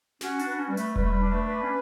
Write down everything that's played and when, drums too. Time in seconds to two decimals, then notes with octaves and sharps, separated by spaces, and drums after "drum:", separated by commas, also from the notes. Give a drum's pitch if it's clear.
0.21 C#4 F#4, drum: snare
0.39 D4, drum: hi-hat
0.46 B4
0.58 C#4
0.68 G3 B4
0.77 A3, drum: hi-hat
0.96 G3 B4, drum: kick E1
1.04 A3
1.10 G3
1.20 D4
1.32 A3
1.45 B4
1.63 C#4